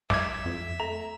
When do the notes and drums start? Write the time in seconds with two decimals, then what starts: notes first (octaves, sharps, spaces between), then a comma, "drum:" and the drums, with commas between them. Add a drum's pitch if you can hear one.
0.10 E5 D6 G#6, drum: snare
0.46 F2
0.80 A3 A#5